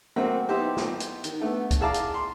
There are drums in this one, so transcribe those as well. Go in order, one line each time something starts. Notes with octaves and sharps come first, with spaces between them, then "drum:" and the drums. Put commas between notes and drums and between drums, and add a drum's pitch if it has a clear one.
F#3 A3 A#3 C4
B3 D#4 E4 G4 C5
drum: snare
drum: hi-hat
D#3, drum: hi-hat
D3 A3 B3
drum: kick, hi-hat
E4 G#4 F5 A5 A#5 D6
drum: hi-hat
C6